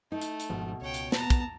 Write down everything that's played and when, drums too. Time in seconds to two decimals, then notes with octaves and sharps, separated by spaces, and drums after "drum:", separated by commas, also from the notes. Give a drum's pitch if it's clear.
0.12 A3 D#4
0.22 drum: hi-hat
0.40 drum: hi-hat
0.50 G#1 G#2 B2 F3
0.81 C#2 C#5 G5
0.94 drum: hi-hat
1.12 B3 A5 A#5, drum: snare
1.30 drum: kick, hi-hat